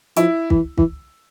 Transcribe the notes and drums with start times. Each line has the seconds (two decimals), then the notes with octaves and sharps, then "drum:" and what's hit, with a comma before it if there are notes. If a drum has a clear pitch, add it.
0.16 F3 E4, drum: hi-hat
0.50 E3, drum: kick
0.78 E3, drum: kick